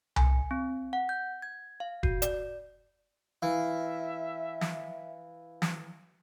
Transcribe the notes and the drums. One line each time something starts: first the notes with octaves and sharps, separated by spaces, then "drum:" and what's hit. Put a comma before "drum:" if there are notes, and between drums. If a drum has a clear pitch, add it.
G#5, drum: tom C2
C4
F#5
G6
G#6
F5
F#4, drum: kick F1
D5, drum: hi-hat
E3 E5 F5
drum: snare
drum: snare